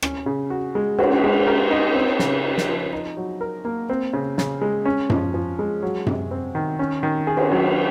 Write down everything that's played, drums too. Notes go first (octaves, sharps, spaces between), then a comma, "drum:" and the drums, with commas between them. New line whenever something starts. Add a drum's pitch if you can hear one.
C#4, drum: rim click
C#3
F#4
G#3
F#4, drum: cymbal
G#3
A#4
D#4
C4
C#3, drum: snare
D#4
drum: snare
F3
D#4
F#3
A#4
A#3
C4
C#3
C#3, drum: snare
G#3
C#4
F3, drum: tom F#2
F3
G#3
F#3
C3, drum: tom F#2
C4
D#3
C#4
D#3
G#4
drum: cymbal
F#3